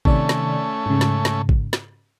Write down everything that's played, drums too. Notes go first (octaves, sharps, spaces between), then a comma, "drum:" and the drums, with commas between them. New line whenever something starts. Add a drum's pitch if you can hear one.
C3 D#3 A3 C#4 D5, drum: kick
drum: snare
G#2 C#3
drum: snare
drum: snare
drum: kick
drum: snare